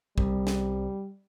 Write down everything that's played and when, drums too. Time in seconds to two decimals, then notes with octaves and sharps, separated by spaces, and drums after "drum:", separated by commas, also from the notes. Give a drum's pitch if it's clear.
0.18 C2 G3, drum: kick
0.47 drum: snare